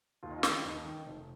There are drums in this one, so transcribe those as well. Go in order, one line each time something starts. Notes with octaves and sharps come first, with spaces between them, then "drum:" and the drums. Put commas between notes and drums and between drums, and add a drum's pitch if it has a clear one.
D#2 F4
D#4
F4
D#3, drum: snare
D#2 D#4
D#3
F1